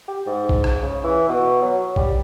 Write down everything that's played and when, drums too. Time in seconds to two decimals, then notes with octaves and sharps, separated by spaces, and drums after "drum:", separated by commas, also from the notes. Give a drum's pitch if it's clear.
0.08 G4
0.26 G#2
0.49 drum: kick A#1
0.64 drum: rim click
0.82 C#3
1.04 E3
1.29 B2
1.62 F#3
1.96 G3, drum: kick A#1